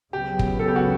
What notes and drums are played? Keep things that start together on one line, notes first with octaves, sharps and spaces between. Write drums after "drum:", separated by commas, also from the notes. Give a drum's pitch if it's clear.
C#2 C#3 F#3 B3 G4
drum: kick
A4
G4
F#4